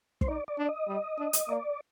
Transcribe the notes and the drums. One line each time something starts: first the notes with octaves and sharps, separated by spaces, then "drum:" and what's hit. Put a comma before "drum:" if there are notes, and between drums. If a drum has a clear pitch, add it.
C5, drum: kick
D#4 D5
D5
D4
D#5
G3
D4
drum: hi-hat
A#3 D5